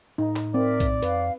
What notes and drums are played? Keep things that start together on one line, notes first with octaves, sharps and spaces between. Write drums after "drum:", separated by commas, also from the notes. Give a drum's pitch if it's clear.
A2 D#4
drum: clap
C4 A#4 D5 E5
drum: kick A#1, hi-hat
F2 B4 F5, drum: hi-hat